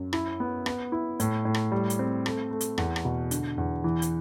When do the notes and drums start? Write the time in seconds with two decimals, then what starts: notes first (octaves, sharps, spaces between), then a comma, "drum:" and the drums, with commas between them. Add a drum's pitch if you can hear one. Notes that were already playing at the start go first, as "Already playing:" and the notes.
Already playing: F#2
0.13 E4, drum: rim click
0.40 B3
0.66 B3, drum: rim click
0.92 E4
1.20 A2, drum: hi-hat
1.45 A2
1.54 drum: rim click
1.72 G3
1.90 drum: hi-hat
1.99 C4
2.26 A3, drum: rim click
2.51 A3
2.61 drum: hi-hat
2.78 E2, drum: rim click
2.96 drum: rim click
3.05 B2
3.31 D3, drum: hi-hat
3.58 E2
3.84 E3
4.02 drum: hi-hat